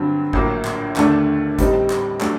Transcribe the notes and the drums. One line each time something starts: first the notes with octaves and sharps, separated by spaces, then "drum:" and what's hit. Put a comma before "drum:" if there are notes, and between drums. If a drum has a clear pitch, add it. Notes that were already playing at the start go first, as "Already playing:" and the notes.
Already playing: G2 D3 F#3 C4
A#1 A2 F#3 A#3, drum: kick G#1
drum: clap
D#2 D3 A3 D4, drum: clap
A2 G3 C4 D#4, drum: kick G#1, hi-hat
drum: clap
F#3 A3 D4, drum: clap